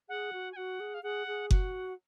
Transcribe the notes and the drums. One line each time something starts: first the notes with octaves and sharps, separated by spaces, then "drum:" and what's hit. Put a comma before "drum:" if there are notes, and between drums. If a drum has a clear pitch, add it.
G#4 F#5
F#4
G#5
F#4 F#5
G#4
F5
G#4 F#5
G#4
F#4 F#5, drum: kick F#1